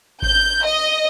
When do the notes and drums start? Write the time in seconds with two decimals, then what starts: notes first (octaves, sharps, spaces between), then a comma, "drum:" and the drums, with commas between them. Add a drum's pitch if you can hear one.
0.22 G6, drum: kick G#1
0.65 D#5